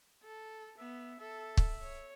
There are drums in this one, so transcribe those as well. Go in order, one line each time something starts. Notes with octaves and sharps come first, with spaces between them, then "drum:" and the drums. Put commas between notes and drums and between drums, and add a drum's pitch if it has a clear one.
A4
B3 E5
A4 E5
drum: kick
C#5